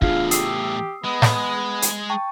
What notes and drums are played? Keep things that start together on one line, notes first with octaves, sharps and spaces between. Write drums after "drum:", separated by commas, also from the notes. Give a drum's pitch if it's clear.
E2 A2 D4 F4 G#4 F5, drum: kick
G4 D#6 E6 C7, drum: hi-hat
G#3 B3
drum: snare
drum: hi-hat
G5 A5 C#6